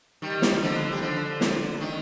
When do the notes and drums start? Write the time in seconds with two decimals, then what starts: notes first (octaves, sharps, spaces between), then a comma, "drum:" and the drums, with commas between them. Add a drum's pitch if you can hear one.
0.22 D#3 G3
0.42 drum: snare
0.62 D3 F3
0.92 G3
1.01 D3 F3
1.41 drum: snare
1.81 D#3